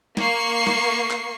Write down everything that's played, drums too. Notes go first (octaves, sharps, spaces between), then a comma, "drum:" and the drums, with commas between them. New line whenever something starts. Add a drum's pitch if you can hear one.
A#3 C#6 C7, drum: snare
drum: snare
drum: clap